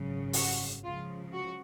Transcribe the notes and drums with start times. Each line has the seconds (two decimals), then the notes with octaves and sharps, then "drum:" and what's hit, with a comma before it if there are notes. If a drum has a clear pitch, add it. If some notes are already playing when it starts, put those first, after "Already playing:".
Already playing: G#1 F#2 C#3 F#3
0.33 F#4, drum: open hi-hat
0.83 C#2 C#3 F3 F4
1.33 F#4